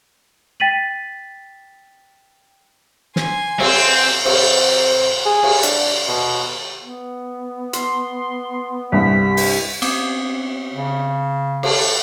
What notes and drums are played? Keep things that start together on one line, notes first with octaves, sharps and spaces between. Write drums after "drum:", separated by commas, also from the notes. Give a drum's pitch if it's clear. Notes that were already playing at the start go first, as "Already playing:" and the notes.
G5 A6 B6 D#7 F#7
G#5 C6, drum: snare
C4, drum: cymbal
C4, drum: cymbal
G#4
drum: cymbal
D4, drum: hi-hat
B2
B3
C6, drum: hi-hat
C2 G2 B6
drum: open hi-hat
B3 C4, drum: cymbal
C#3
A4 A5, drum: cymbal